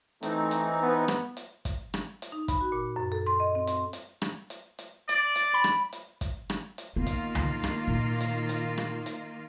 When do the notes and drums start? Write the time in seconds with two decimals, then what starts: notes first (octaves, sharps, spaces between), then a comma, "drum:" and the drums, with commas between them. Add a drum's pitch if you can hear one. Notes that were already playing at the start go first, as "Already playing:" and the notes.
0.23 E3 A3 C4 D#4, drum: hi-hat
0.51 drum: hi-hat
0.82 B3
1.08 drum: rim click
1.37 drum: hi-hat
1.65 drum: kick, hi-hat
1.94 drum: rim click
2.22 drum: hi-hat
2.32 D#4
2.48 B5, drum: kick, hi-hat
2.61 F#4
2.72 A#2
2.96 F#2
3.12 A4
3.26 C6
3.40 D#5
3.55 C4
3.67 C6, drum: hi-hat
3.93 drum: hi-hat
4.22 drum: rim click
4.50 drum: hi-hat
4.79 drum: hi-hat
5.09 D5, drum: hi-hat
5.36 drum: hi-hat
5.54 B5
5.64 drum: rim click
5.93 drum: hi-hat
6.21 drum: kick, hi-hat
6.50 drum: rim click
6.78 drum: hi-hat
6.96 D#3 A#3 B3 F4
7.07 drum: kick, hi-hat
7.35 drum: tom C2
7.64 drum: rim click
7.88 A#2
8.21 drum: hi-hat
8.49 drum: hi-hat
8.78 drum: rim click
9.06 drum: hi-hat